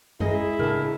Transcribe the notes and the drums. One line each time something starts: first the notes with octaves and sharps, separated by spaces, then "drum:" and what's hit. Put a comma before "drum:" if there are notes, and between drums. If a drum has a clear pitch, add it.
G#3 D#4 E4 G#4 D#5, drum: tom F#2
A2 C#3 D4 A#4 A5